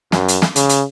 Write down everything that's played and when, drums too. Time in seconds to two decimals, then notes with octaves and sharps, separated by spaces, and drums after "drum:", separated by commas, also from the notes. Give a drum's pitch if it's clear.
0.12 F#2, drum: snare
0.28 drum: hi-hat
0.42 drum: snare
0.56 C#3, drum: hi-hat
0.69 drum: hi-hat